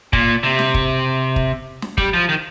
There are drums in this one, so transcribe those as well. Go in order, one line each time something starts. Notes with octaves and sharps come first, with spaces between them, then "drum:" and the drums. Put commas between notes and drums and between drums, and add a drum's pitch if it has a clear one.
A#2, drum: kick
C3
drum: snare
drum: kick
drum: kick
drum: snare
G3, drum: kick
F3
D#3